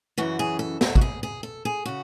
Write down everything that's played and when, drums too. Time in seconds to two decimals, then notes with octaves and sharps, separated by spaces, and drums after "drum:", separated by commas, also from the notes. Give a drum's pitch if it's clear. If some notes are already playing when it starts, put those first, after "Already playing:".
0.18 F#2 C#3 E3 F#4
0.39 G#4
0.59 A4
0.81 A4, drum: snare
0.95 F#4, drum: kick
1.01 G#4
1.23 G#4
1.43 A4
1.65 G#4
1.85 C#3 F#4